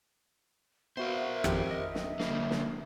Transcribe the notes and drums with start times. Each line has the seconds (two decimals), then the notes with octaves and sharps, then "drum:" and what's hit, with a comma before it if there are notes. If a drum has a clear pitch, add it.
0.97 B3 F#4 A#4 C5 E5 F5
1.44 G#1 F2 G4, drum: rim click
1.71 D#5
1.95 drum: snare
2.20 D3 G3 A#3, drum: snare
2.51 drum: snare